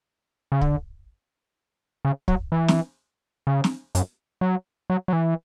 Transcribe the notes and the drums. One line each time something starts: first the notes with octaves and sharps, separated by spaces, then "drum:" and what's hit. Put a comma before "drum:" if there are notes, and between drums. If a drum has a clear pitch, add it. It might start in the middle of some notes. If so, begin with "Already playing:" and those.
C#3
D3, drum: kick
C#3
F#3, drum: kick
E3
drum: snare
C#3
drum: snare
F#2, drum: hi-hat
F#3
F#3
F#3
E3